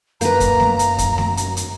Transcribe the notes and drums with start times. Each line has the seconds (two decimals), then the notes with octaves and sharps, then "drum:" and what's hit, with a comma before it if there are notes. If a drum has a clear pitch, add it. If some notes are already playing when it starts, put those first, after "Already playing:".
0.21 F#2 A#3 B4 A#5, drum: hi-hat
0.40 drum: kick, hi-hat
0.60 drum: snare
0.79 drum: hi-hat
0.98 drum: kick, hi-hat
1.18 drum: snare
1.37 drum: hi-hat
1.57 drum: hi-hat